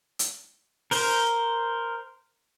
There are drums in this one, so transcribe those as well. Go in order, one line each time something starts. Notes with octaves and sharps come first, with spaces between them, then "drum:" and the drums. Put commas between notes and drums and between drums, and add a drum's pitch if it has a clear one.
drum: hi-hat
A#4 C5, drum: open hi-hat